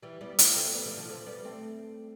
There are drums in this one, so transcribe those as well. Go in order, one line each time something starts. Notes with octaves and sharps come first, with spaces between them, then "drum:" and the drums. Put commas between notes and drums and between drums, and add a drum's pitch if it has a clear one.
E3 G3
G3 B3
C4 E4, drum: hi-hat
A3 C4
G3 B3
F3 A3
D3 F3
F3 A3
G3 B3
A3 C4